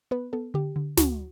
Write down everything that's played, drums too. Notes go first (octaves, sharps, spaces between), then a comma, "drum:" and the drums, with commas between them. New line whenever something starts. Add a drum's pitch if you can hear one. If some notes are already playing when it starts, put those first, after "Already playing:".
B3 B4
B3 A4
D3 G4
D3
D2 F#4, drum: snare